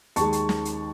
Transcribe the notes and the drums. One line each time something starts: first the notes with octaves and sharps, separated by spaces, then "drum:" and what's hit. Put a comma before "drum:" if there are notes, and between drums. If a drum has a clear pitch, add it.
D#2 D#3 G#3 A5 C#6, drum: hi-hat
drum: hi-hat
drum: snare
drum: hi-hat